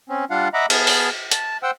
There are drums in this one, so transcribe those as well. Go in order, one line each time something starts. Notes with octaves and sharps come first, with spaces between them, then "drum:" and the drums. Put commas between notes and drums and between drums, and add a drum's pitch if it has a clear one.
C4 C#4
G3 D4 F4 F5 F#5
D#5 E5 F#5 A#5 B5 D6
B3 G#4 A5 F6, drum: cymbal
drum: open hi-hat
A5, drum: hi-hat
C5 F#5 G5 E6